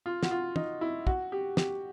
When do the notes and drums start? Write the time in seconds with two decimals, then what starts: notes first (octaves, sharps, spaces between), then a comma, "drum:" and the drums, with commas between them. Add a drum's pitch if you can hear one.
0.06 F4
0.23 F#4, drum: snare
0.31 F4
0.56 D#4, drum: tom
0.81 E4
1.07 F#4, drum: kick
1.32 G4
1.57 G4, drum: snare